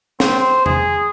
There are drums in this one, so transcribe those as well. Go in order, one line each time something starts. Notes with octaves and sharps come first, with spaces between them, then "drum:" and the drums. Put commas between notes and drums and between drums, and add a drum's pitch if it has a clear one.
C4, drum: snare
C5
G#4, drum: tom E2